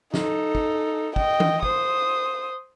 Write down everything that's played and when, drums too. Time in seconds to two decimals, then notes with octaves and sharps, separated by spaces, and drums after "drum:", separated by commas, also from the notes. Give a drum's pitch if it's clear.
0.14 D#4 A4, drum: snare
0.55 drum: kick
1.16 D#5 G5, drum: kick
1.40 drum: tom E3
1.63 C5 D#6, drum: kick